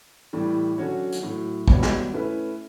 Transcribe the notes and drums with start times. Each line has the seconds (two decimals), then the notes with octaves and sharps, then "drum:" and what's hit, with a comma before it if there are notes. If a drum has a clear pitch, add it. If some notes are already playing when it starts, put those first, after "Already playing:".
0.33 A2 E3 G3
0.78 D3 F#3 C#4 F#4 C#5
1.12 drum: hi-hat
1.23 A2 F#3 A3
1.68 G3 B3 F#4 C#5, drum: kick
1.83 drum: snare
2.13 A3 C#4 E4 B4